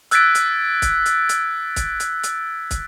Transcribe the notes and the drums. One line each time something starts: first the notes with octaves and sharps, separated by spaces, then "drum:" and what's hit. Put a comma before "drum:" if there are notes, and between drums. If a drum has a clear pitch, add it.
E6 F#6 G#6 A6 B6 D7, drum: hi-hat
drum: hi-hat
drum: kick, hi-hat
drum: hi-hat
drum: hi-hat
drum: kick, hi-hat
drum: hi-hat
drum: hi-hat
drum: kick, hi-hat